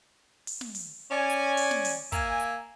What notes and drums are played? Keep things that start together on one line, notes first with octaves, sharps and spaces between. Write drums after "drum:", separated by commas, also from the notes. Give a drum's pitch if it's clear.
drum: open hi-hat
drum: snare
drum: open hi-hat
C#4 D5 G#5
drum: hi-hat
drum: open hi-hat
drum: snare
drum: open hi-hat
A#3 E5 F5 G#5, drum: kick, hi-hat
drum: hi-hat